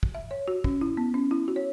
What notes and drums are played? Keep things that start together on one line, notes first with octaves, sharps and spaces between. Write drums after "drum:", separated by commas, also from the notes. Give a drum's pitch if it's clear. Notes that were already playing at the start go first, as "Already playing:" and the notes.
drum: kick
E5
C#5
F#4
C#4, drum: kick
E4
B3
C#4
E4
F#4
C#5